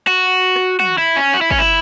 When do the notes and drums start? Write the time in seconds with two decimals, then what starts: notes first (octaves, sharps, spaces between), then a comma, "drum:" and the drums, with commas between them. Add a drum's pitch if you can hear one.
0.07 F#4
0.56 drum: rim click
0.80 F#4, drum: tom
0.98 E4
1.16 C#4
1.34 F#4
1.41 E4
1.51 C#4, drum: kick
1.59 E4